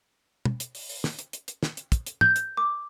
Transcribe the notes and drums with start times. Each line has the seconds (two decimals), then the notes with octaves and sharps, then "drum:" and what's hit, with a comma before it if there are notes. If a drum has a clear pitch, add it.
0.45 drum: tom
0.60 drum: hi-hat
0.75 drum: open hi-hat
0.89 drum: open hi-hat
1.04 drum: snare
1.19 drum: hi-hat
1.33 drum: hi-hat
1.48 drum: hi-hat
1.63 drum: snare
1.77 drum: hi-hat
1.92 drum: kick, hi-hat
2.06 drum: hi-hat
2.21 G6, drum: tom
2.36 drum: hi-hat
2.57 D6